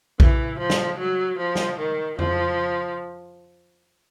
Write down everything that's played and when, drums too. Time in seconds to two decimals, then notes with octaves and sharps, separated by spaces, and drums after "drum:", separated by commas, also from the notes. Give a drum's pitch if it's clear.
0.20 E3, drum: kick A#1
0.59 F3
0.70 drum: snare
0.98 F#3
1.38 F3
1.55 drum: snare
1.79 D#3
2.19 F3, drum: tom F2